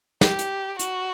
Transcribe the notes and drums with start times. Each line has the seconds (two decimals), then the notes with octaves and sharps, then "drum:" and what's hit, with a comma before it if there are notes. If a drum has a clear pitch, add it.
0.21 G4, drum: snare
0.39 drum: hi-hat
0.79 F#4, drum: hi-hat